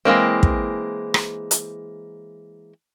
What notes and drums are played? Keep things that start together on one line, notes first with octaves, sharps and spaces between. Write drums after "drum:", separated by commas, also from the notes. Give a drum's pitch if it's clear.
E3 G#3 A#3 C4
drum: kick
drum: rim click
drum: hi-hat